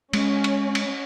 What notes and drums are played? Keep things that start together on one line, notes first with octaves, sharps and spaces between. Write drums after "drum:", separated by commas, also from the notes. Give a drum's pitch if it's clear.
G#3 C#4, drum: cymbal
drum: cymbal
drum: cymbal